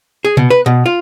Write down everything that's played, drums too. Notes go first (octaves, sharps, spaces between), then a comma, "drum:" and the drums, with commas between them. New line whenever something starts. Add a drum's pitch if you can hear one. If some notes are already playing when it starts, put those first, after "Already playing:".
G#4
B2, drum: tom C3
B4
B2
F4